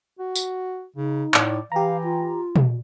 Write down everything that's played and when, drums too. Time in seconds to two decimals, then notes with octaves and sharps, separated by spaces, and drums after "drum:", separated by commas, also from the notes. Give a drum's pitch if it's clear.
0.19 F#4
0.36 drum: tambourine
0.96 C#3 D#4
1.34 A2 D5, drum: clap
1.72 E3 G4 F5 A#5
2.04 F4
2.56 drum: tom